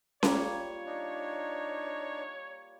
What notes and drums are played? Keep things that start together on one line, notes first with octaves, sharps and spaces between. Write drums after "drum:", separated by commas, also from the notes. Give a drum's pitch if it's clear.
G3 A#3 F4 C#5, drum: snare C#4
D4 D#4